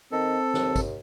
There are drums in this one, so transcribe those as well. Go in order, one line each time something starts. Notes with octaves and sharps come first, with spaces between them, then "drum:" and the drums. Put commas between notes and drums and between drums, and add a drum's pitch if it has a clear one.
D#3 C4 A4
D#2, drum: snare
drum: kick, tambourine